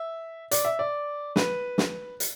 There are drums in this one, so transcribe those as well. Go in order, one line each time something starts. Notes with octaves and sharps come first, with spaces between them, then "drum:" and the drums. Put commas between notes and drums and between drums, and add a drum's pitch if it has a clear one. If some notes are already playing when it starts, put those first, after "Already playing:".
Already playing: E5
D5, drum: hi-hat
E5
D5
B4, drum: snare
drum: snare
drum: hi-hat